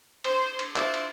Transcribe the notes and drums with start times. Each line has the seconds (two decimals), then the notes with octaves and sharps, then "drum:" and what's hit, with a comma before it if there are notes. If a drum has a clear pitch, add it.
0.24 C5, drum: cymbal
0.59 drum: cymbal
0.76 D4 E4 F4 C5 D5, drum: clap
0.94 drum: cymbal